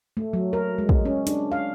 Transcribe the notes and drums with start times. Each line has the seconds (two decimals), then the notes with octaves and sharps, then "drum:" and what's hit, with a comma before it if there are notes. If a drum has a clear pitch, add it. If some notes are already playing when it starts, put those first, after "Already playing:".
0.17 A3
0.33 F#3
0.53 A#4
0.78 G#3
0.89 drum: kick
1.05 C#4
1.27 D4, drum: hi-hat
1.52 F5